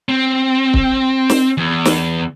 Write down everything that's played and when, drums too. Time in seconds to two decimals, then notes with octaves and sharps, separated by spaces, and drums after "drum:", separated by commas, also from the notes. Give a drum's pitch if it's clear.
0.09 C4
0.74 drum: kick
1.30 drum: snare
1.57 E2
1.85 drum: snare